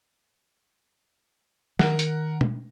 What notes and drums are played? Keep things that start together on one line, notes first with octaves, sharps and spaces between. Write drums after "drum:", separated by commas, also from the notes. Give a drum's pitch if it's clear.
D#3 A#4 F#5, drum: snare
drum: hi-hat
drum: tom